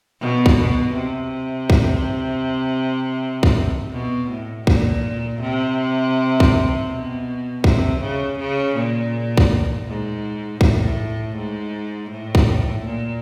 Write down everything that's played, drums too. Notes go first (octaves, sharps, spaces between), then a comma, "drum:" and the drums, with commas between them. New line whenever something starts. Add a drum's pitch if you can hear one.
B2
drum: kick C2
B2
C3
drum: kick C2
drum: kick C2
B2
A2
A#2, drum: kick C2
C3
drum: kick C2
B2
C3, drum: kick C2
C#3
C#3
A#2
drum: kick C2
G#2
A2, drum: kick C2
G#2
A2
drum: kick C2
A#2